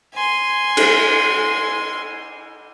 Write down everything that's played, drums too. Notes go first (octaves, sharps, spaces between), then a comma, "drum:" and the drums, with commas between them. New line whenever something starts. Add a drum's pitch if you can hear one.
G#5 C6
drum: cymbal